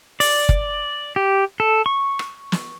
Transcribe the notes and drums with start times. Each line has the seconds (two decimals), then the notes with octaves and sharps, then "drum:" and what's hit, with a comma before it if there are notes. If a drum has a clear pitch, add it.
0.20 D5, drum: open hi-hat
0.49 drum: kick
1.16 G4
1.60 A4
1.86 C#6
2.19 drum: rim click
2.52 drum: snare